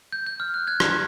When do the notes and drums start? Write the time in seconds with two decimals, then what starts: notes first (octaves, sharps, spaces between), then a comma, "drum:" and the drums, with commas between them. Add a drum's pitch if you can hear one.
0.12 G6
0.26 G6
0.40 F6
0.54 F#6
0.67 F#6 G#6
0.80 drum: rim click